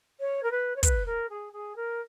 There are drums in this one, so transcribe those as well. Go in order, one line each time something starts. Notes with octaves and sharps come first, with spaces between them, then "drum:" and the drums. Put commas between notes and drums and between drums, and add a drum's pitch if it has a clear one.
C#5
A#4
B4
C#5
B4, drum: kick, hi-hat
A#4
G#4
G#4
A#4